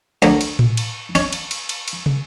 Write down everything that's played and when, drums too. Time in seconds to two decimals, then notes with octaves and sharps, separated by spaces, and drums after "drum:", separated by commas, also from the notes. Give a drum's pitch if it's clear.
0.22 D2 F#3, drum: cymbal
0.41 drum: cymbal
0.59 drum: tom A2
0.77 drum: cymbal
1.15 C#4, drum: cymbal
1.33 drum: cymbal
1.51 drum: cymbal
1.69 drum: cymbal
1.88 drum: cymbal
2.06 drum: tom